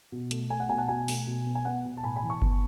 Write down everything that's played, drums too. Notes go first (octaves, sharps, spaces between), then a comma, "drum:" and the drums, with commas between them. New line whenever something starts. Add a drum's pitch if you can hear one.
B2
A3, drum: hi-hat
A3 G#5
F#5
B2 G#5
F#5 A5
B2 G#5
A3, drum: open hi-hat
B2
B3
G#5
B3 F#5
B2
A5
A2 G#5 B5
G#5 B5
E3
A5 C#6
B3, drum: kick G1